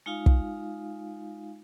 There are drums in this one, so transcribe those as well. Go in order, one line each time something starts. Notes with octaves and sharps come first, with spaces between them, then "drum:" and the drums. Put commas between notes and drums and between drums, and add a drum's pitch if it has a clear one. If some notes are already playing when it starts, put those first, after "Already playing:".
G#3 D#4 F4 F5
drum: kick